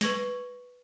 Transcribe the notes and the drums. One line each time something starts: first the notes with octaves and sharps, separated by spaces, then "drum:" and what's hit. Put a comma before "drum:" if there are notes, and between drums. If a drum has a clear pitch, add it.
B4 C#6 G#6 A#6, drum: snare